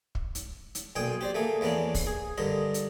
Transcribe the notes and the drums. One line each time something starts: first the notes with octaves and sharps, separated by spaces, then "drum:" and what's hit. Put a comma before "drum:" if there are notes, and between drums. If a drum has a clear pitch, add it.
drum: kick
drum: hi-hat
drum: hi-hat
B1 A#2 G5 G#5 D#6
G4 C5 D5
A3 A#3 G#4
E2 A#3 B3 C#4 D4
drum: kick, open hi-hat
G#4
G2 D3 A#4 D#5
drum: hi-hat